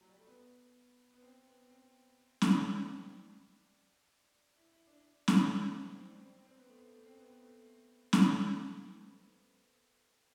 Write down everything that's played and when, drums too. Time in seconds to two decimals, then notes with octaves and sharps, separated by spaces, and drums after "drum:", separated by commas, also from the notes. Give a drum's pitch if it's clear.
0.01 F#3
0.09 G3
0.18 A3
0.27 B3
1.14 B3
1.22 C4
1.47 B3
1.70 C4
2.42 drum: snare C#4
2.65 D4
2.74 C4
2.81 D4
4.56 E4
4.72 E4
4.87 D4
5.28 E4, drum: snare C#4
5.74 C4
5.86 D4
5.98 C4
6.09 D4
6.21 C4
6.47 C4
6.57 B3
6.68 A3
6.78 B3
6.94 A3
7.06 C4
7.18 B3
7.30 B3
7.41 A3
8.13 drum: snare C#4